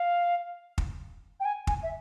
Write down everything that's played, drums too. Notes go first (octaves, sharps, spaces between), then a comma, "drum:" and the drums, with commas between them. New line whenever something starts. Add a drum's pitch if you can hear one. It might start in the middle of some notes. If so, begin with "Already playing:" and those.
Already playing: F5
drum: kick
G5
G#5
G#5, drum: kick
E5